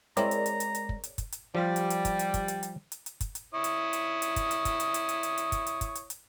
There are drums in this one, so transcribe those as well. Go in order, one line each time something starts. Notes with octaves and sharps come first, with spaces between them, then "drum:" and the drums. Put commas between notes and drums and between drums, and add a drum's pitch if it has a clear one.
G#3 C4 E4 A#4 C#5 D5 A#5, drum: hi-hat
drum: hi-hat
drum: hi-hat
drum: hi-hat
drum: hi-hat
drum: kick
drum: hi-hat
drum: kick, hi-hat
drum: hi-hat
F3 G3 F4
drum: hi-hat
drum: hi-hat
drum: kick, hi-hat
drum: hi-hat
drum: kick, hi-hat
drum: hi-hat
drum: hi-hat
drum: hi-hat
drum: hi-hat
drum: kick, hi-hat
drum: hi-hat
E4 C#5 D#6
drum: hi-hat
drum: hi-hat
drum: hi-hat
drum: kick, hi-hat
drum: hi-hat
drum: kick, hi-hat
drum: hi-hat
drum: hi-hat
drum: hi-hat
drum: hi-hat
drum: hi-hat
drum: kick, hi-hat
drum: hi-hat
drum: kick, hi-hat
drum: hi-hat
drum: hi-hat